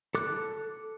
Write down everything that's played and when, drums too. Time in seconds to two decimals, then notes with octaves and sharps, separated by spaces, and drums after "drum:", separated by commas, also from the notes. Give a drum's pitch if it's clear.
0.15 A4 D6 F#6, drum: hi-hat